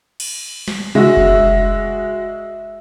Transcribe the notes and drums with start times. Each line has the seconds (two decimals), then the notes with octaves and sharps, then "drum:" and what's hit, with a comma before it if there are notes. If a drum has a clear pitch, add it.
0.20 drum: cymbal
0.68 drum: snare
0.95 G#3 F#4 E5, drum: tom C3
1.17 drum: kick F1